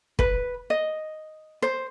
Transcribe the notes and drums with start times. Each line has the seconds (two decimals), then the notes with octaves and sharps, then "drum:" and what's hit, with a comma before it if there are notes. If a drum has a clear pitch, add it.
0.19 B4, drum: kick
0.70 D#5
1.62 C5